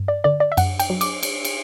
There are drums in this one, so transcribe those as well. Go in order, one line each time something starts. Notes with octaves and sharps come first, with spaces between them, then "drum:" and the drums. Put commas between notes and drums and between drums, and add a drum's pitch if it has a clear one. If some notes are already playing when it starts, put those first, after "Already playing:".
Already playing: G2
D5
D3 D5
D5
E5
F#2 F#5, drum: cymbal
G5, drum: cymbal
F#3
D6, drum: cymbal
drum: cymbal
drum: cymbal